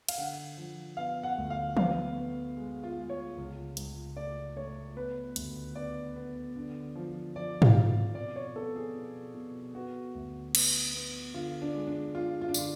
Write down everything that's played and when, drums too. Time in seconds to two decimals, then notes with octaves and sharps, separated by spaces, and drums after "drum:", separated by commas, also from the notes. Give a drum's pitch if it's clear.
0.09 F5, drum: cymbal
0.18 D3 F#5
0.57 F3
0.97 B3 F5
1.23 F#5
1.38 D2
1.50 F5
1.77 B3 F5, drum: tom E3
2.17 B3
2.57 G#3
2.83 F4
2.97 G#3
3.10 C#5
3.36 C#2
3.77 C#2, drum: hi-hat
4.16 A3 D5
4.56 A3 C#5
4.96 B3 B4
5.36 D2, drum: hi-hat
5.75 B3 D5
6.16 B3
6.56 D3
6.96 F3
7.35 F3 D5
7.62 F5, drum: tom G#2
7.75 F2
8.15 B2 D5
8.36 C#5
8.56 B3 A4
8.76 G#4
8.95 B2
9.34 B2
9.75 B3 F#4
10.15 D2
10.55 B3, drum: cymbal
10.94 B3
11.34 D3 F4
11.62 D4
11.74 G#3
11.87 D4
12.14 G#3 F4
12.41 F4
12.49 D4
12.54 D3 F4, drum: tambourine